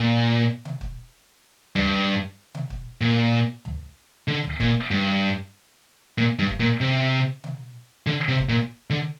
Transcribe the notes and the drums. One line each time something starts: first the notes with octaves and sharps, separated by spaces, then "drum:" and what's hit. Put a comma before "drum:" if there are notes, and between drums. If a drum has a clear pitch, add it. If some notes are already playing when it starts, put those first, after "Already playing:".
Already playing: A#2
drum: tom B2
drum: kick
G2, drum: tom
drum: tom B2
drum: kick
A#2
drum: tom
D3
drum: tom
A#2, drum: kick
G2
A#2
G2
drum: kick
A#2
C3
drum: tom B2
D3
C3
drum: kick
A#2
D3